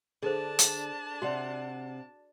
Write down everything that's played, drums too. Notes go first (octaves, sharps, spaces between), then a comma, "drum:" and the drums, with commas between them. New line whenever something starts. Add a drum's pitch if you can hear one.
D3 D4 G#4 A4 C5 A5
drum: hi-hat
C3 F#4 D5 F5 F#5